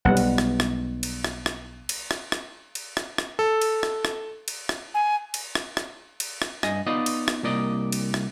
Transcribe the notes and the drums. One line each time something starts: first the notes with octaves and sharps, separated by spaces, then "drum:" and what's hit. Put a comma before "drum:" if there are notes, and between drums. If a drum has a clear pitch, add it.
B1 G3 B3 F#5
drum: cymbal
drum: rim click
drum: rim click
drum: cymbal
drum: rim click
drum: rim click
drum: cymbal
drum: rim click
drum: rim click
drum: cymbal
drum: rim click
drum: rim click
A4
drum: cymbal
drum: rim click
drum: rim click
drum: cymbal
drum: rim click
G#5
drum: cymbal
drum: rim click
drum: rim click
drum: cymbal
drum: rim click
G2 D#5 G#5, drum: rim click
B3 D#4 F4 D5 D#5
drum: cymbal
drum: rim click
C2 A#3 D5 D#5
drum: cymbal
drum: rim click